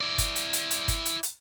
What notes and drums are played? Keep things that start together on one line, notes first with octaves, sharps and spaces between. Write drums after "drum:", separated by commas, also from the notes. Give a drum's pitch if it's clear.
E4 D5
drum: kick G1, hi-hat
drum: hi-hat
drum: hi-hat
drum: hi-hat
drum: kick G1, hi-hat
drum: hi-hat
drum: hi-hat